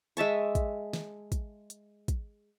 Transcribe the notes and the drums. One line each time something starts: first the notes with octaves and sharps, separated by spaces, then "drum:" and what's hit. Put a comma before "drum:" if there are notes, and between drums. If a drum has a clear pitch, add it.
G#3 E5 A5 C#6, drum: hi-hat
drum: kick, hi-hat
drum: snare
drum: kick, hi-hat
drum: hi-hat
drum: kick, hi-hat